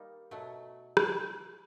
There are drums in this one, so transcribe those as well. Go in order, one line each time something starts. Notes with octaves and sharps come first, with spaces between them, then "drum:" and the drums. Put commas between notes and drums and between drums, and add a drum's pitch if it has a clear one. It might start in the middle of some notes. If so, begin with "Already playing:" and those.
Already playing: G3 A#3 D#4
B2 F#3 A3
drum: rim click